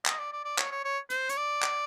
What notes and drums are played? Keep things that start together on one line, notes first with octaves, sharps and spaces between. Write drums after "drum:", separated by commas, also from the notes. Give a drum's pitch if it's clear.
D#5, drum: clap
D5
D5
D5
C#5, drum: clap
C#5
C#5
C5, drum: hi-hat
C#5, drum: hi-hat
D5
drum: clap